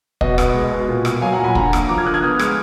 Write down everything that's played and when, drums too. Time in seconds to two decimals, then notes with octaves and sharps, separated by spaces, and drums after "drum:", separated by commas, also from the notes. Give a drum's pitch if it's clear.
0.21 B2 D#5 F#5, drum: kick
0.38 B3, drum: rim click
0.54 G#3
0.71 B2
0.88 A#2
1.05 B3, drum: rim click
1.21 F#3 F5 G#5
1.33 F#5 A#5
1.39 A#2
1.44 G#5 B5
1.55 D3 F#5 A#5, drum: kick
1.73 A#3, drum: rim click
1.89 F3 A#5 D6
1.98 F6 G#6
2.05 D3 D#6 F#6
2.14 F6 G#6
2.22 B3 D#6 F#6
2.39 G#3 F6 G#6, drum: rim click